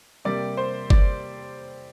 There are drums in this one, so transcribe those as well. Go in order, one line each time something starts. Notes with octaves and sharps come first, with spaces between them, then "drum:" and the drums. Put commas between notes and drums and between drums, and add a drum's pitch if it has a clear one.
C3 G3 A#3 D5
C5
D5, drum: kick G1